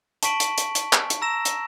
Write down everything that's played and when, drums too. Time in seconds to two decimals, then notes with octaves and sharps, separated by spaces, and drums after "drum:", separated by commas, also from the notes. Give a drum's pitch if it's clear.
0.23 A5 C#6 B6 D7 F#7, drum: hi-hat
0.40 drum: hi-hat
0.58 drum: hi-hat
0.75 drum: hi-hat
0.93 drum: clap
1.10 drum: hi-hat
1.22 A#5 E6 A#6 E7
1.45 drum: hi-hat